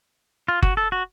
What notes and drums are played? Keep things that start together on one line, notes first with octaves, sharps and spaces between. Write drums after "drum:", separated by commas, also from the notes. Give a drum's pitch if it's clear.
F4
F#4, drum: kick
A4
F#4